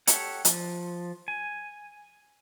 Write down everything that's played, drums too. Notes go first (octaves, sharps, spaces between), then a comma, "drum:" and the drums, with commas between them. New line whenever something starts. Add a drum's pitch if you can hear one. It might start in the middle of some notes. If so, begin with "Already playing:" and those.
G4 A4 C#5 F#5, drum: hi-hat
F3, drum: hi-hat
G#5